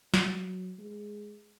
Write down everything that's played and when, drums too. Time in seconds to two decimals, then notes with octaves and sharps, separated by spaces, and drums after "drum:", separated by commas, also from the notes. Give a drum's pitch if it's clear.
0.14 F#3, drum: snare
0.78 G#3